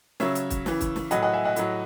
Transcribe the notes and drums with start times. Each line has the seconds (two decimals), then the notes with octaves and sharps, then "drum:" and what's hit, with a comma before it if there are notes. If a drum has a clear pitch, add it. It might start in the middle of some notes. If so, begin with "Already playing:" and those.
0.20 C#3 F#3 C#5 E5, drum: snare
0.35 drum: hi-hat
0.50 drum: kick, hi-hat
0.66 C#3 E3, drum: snare
0.81 drum: kick, hi-hat
0.96 drum: snare
1.11 A2 F#3 D#5 F#5, drum: hi-hat
1.22 D#5 F#5
1.33 E5 G#5
1.44 D#5 F#5
1.56 A2 F#3, drum: hi-hat